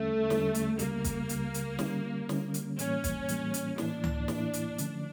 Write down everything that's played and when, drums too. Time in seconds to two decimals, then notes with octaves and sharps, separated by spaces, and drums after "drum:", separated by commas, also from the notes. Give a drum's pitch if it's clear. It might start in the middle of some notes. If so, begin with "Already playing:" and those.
Already playing: E2 D3 G3 A3 C#4
0.30 E2 D3 G3 C#4, drum: snare
0.55 drum: hi-hat
0.79 C#2 C#3 G3 A#3, drum: hi-hat
1.04 drum: kick, hi-hat
1.29 C#2 C#3 G3, drum: hi-hat
1.54 drum: hi-hat
1.79 D3 G3 C#4, drum: snare
2.29 D3 G3 C#4, drum: snare
2.54 drum: hi-hat
2.79 A2 E3 G3 A#3 C#4, drum: hi-hat
3.04 drum: kick, hi-hat
3.28 A2 E3 G3 A#3, drum: hi-hat
3.54 drum: hi-hat
3.78 A2 E3 A#3 D4 E4, drum: snare
4.04 drum: tom C#2
4.28 A2 E3 A#3 E4, drum: snare
4.53 drum: hi-hat
4.78 D3 F3 A3 C#4, drum: hi-hat